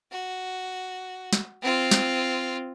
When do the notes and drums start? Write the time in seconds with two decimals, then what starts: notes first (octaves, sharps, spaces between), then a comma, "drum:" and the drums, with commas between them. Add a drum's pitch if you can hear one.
0.11 F#4
1.33 drum: snare
1.62 C4 F4
1.91 drum: snare